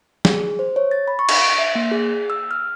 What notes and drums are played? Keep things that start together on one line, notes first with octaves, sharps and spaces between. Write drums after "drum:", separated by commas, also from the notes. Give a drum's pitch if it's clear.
G#4, drum: snare
C5
C#5
A6
B5
C#6
drum: cymbal
D7
E5
A#3
G#4
E6
F6